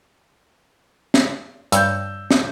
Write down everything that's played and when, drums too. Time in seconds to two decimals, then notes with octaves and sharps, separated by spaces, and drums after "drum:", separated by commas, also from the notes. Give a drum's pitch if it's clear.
1.14 drum: snare
1.72 G2 C#5 E6 G6, drum: hi-hat
2.31 drum: snare